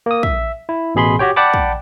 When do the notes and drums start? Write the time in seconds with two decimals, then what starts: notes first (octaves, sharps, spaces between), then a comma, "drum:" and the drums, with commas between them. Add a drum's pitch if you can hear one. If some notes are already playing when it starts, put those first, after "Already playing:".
0.06 A#3 D#6
0.23 E5, drum: kick
0.69 E4
0.95 A1 B2 G#4 B5 C6
1.19 F#4 G4 C#5 G5
1.36 D5 F#5 G5 A5 B5 D6
1.54 drum: kick